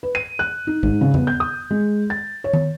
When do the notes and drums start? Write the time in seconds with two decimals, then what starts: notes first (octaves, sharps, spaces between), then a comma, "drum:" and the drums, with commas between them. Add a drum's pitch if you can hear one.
0.03 B4
0.15 D#7
0.39 F#6
0.67 D#4
0.83 G#2, drum: kick A1
1.01 C#3
1.14 B3, drum: tom E2
1.27 G6
1.40 D#6
1.70 G#3
2.10 A6
2.44 C#5
2.53 drum: tom D#3